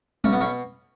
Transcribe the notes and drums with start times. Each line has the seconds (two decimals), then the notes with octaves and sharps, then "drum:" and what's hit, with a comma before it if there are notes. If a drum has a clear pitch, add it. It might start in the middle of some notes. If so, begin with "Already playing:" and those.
0.24 B1 C#4, drum: tom G3
0.32 B3
0.40 B2 C#4